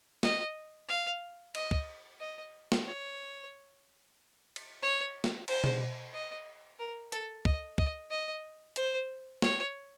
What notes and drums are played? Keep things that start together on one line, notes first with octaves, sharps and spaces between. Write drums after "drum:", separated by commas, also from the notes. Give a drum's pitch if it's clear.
D#5, drum: snare
F5
D#5, drum: cymbal
drum: kick
D#5
drum: snare
C#5
drum: cymbal
C#5
drum: snare
C5, drum: cymbal
drum: tom B2
D#5
A#4
A4, drum: hi-hat
D#5, drum: kick
D#5, drum: kick
D#5
C5, drum: hi-hat
C#5, drum: snare